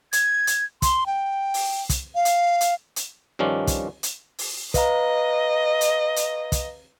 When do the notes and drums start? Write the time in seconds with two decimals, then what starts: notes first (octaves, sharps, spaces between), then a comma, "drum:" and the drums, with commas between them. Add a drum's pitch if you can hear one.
0.13 G#6, drum: hi-hat
0.47 drum: hi-hat
0.82 C6, drum: kick, hi-hat
1.06 G5
1.54 drum: open hi-hat
1.89 drum: kick, hi-hat
2.15 F5
2.25 drum: hi-hat
2.61 drum: hi-hat
2.96 drum: hi-hat
3.39 G2 D#3 F3 C#4 D4
3.67 drum: kick, hi-hat
4.03 drum: hi-hat
4.38 drum: open hi-hat
4.74 B4 D#5 F5 A#5, drum: kick, hi-hat
5.81 drum: hi-hat
6.16 drum: hi-hat
6.52 drum: kick, hi-hat